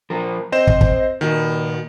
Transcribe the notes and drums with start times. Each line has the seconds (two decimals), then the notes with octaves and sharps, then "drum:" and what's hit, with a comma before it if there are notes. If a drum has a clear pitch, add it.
0.10 F3 A#4
0.52 C4 C5 D#5 E7
0.67 drum: kick
0.81 drum: kick
1.21 A#2 D#3 F#4